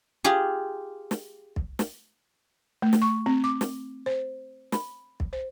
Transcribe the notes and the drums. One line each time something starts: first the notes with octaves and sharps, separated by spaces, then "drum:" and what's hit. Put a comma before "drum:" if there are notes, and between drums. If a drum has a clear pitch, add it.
F4 G4 G#4
drum: snare
drum: kick
drum: snare
A3
drum: snare
C#6
C4
D6
drum: snare
C5
B5, drum: snare
drum: kick
C5